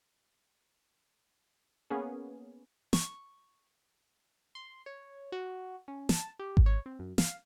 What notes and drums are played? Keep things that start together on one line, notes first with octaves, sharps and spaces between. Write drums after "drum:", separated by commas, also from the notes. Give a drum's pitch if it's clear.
A#3 B3 C#4 G#4
C#6, drum: snare
C6
C#5
F#4
C#4
A5, drum: snare
G4
drum: kick G#1
C#5
C4
F#2
F5, drum: snare